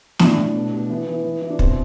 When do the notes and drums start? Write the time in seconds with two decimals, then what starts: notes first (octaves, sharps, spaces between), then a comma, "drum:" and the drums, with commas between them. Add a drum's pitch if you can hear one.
0.19 A2 D4, drum: snare
0.37 A2
0.54 B2
0.72 B2
0.89 E3 B3
1.07 E3
1.24 E3
1.42 E3
1.50 D4
1.59 B2 C4, drum: kick